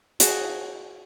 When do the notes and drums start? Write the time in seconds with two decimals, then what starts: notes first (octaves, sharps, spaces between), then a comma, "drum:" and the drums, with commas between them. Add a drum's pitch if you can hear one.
0.20 F#4 G#4 A5, drum: hi-hat